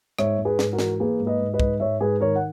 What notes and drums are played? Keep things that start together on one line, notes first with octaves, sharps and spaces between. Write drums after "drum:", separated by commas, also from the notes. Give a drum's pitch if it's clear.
G#2 C#5 E5, drum: rim click
G#2
G#4 B4
G#2, drum: snare
F#4 A#4
E3, drum: snare
A#3 G#4 B4
G#2
B4 D#5
G#2
B4 D#5
G#2, drum: kick
G#2 C#5 E5
G#2 G#4 B4
D#3 A#4 C#5
F#5